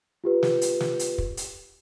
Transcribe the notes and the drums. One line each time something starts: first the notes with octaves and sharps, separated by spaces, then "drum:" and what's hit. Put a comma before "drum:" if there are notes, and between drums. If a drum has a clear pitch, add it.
F4 G4 B4
drum: snare
drum: hi-hat
drum: snare
drum: hi-hat
drum: kick
drum: hi-hat